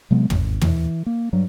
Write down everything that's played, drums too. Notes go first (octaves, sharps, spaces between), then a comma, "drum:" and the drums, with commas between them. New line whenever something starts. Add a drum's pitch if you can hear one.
C3 F#3 G#3 B3
G#1, drum: tom
E3, drum: tom
A#3
G2 F#3